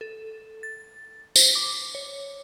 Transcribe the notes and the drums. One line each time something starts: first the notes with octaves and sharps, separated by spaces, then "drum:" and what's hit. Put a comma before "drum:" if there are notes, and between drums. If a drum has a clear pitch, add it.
A4
A6
C5, drum: tambourine
D6
C#5